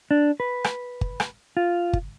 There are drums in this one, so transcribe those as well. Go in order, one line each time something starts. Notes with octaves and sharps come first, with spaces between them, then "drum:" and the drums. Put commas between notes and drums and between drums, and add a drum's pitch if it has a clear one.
D4
B4
drum: rim click
drum: kick G1
drum: rim click
F4
drum: kick G1